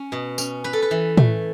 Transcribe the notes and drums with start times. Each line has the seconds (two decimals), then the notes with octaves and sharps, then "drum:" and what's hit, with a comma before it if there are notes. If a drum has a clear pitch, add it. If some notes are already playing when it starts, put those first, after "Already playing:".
Already playing: C#4
0.12 B2
0.38 C#4, drum: tambourine
0.64 C#4 B4
0.73 A4
0.82 B4
0.91 E3
1.17 A3, drum: tom A2